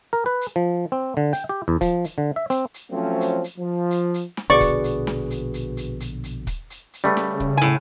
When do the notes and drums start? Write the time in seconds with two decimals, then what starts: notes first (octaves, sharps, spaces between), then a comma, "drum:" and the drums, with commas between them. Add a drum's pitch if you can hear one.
0.13 A#4
0.26 B4
0.41 drum: hi-hat
0.56 F3
0.92 C4
1.17 D3
1.33 G5, drum: hi-hat
1.49 G4
1.68 E2
1.81 F3, drum: kick, hi-hat
2.04 drum: hi-hat
2.18 D3
2.36 E5
2.50 C4, drum: hi-hat
2.74 drum: hi-hat
2.91 F3 F#3 A3 C4 C#4
3.21 drum: hi-hat
3.44 drum: hi-hat
3.58 F3
3.91 drum: hi-hat
4.14 drum: hi-hat
4.37 drum: snare
4.50 A#1 B2 D3 F#4 G#4 B4 D5 C#6
4.61 drum: kick, hi-hat
4.84 drum: hi-hat
5.07 drum: snare
5.30 drum: hi-hat
5.54 drum: hi-hat
5.77 drum: hi-hat
6.00 drum: hi-hat
6.24 drum: hi-hat
6.47 drum: kick, hi-hat
6.70 drum: hi-hat
6.93 drum: hi-hat
7.04 C#3 G3 A3 B4
7.17 drum: snare
7.40 drum: kick
7.57 A2 G#5